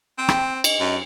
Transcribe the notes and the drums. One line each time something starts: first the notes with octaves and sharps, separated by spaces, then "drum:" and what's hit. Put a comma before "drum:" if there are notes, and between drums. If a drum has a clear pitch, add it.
C4 G5
drum: rim click
D#5, drum: cymbal
F#2